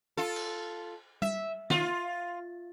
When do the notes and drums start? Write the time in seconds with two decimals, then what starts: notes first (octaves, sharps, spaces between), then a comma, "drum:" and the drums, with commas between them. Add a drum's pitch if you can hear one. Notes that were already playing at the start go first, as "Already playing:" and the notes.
0.17 F4 A4
0.36 drum: cymbal
1.22 E5, drum: tom G3
1.70 F4, drum: snare